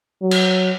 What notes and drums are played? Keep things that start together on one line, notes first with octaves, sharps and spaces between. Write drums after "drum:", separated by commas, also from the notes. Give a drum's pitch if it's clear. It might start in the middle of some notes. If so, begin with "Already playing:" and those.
F#3
drum: cymbal